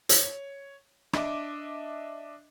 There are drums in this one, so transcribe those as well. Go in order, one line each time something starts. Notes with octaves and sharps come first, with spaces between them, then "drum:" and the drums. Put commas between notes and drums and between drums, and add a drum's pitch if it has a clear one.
C#5, drum: hi-hat
D4 D#5 E5 D6, drum: rim click